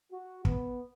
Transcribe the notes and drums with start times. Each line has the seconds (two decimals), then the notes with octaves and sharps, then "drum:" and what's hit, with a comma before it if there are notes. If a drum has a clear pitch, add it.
0.11 F#4
0.45 B3, drum: kick